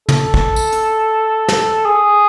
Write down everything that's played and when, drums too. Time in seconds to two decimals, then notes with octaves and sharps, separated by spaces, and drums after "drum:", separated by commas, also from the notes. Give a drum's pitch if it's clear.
0.09 A4, drum: tom
0.34 drum: kick
0.56 drum: tambourine
0.72 drum: hi-hat
1.48 drum: snare
1.85 G#4